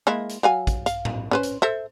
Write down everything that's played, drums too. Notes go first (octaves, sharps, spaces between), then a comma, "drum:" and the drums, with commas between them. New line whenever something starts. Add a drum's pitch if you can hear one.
G#3 A#3 E4
drum: hi-hat
F#3 F5 G#5
drum: kick, hi-hat
F5, drum: hi-hat
drum: tom A2
C#4 B4 C5
drum: hi-hat
A4 C5 E5